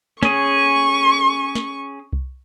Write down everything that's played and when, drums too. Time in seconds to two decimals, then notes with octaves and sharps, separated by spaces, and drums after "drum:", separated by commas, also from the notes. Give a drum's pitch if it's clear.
0.23 C#4 G#4 C#6, drum: snare
1.55 drum: snare
2.13 drum: kick C2